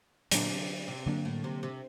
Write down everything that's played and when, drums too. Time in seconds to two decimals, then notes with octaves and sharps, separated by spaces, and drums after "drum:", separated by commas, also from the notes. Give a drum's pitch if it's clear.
0.31 A#2 D3 F#3 A#3 D4, drum: hi-hat
0.50 C3
0.88 C3
1.06 G2 D3 F#3 A#3 D4
1.25 A2
1.44 C3
1.63 C3